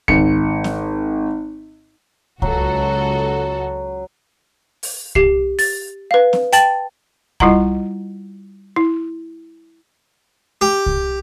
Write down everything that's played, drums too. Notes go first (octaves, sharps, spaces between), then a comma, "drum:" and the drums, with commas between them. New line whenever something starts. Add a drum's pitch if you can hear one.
G#1 C#7, drum: kick C2
drum: snare
C#2 F#3 F#4 A4, drum: kick C2
drum: open hi-hat
G4 C7, drum: kick C2
A6, drum: open hi-hat
B4 F5
drum: snare
G5 A5 A6 F#7, drum: hi-hat
G3 E4 F4 D#5 F#5 A#5, drum: kick C2
E4
G4
drum: kick C2